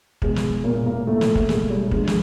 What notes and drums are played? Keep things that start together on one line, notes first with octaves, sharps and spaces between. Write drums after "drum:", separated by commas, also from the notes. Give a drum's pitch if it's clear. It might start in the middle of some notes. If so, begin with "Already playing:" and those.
E1 E2 B2 G#3, drum: kick
drum: snare
A#2 A#3
A#2 A#3
A2 A3
drum: snare
drum: kick
G#3, drum: snare
G3
D2 D3 F3 G#3, drum: kick
G#3, drum: snare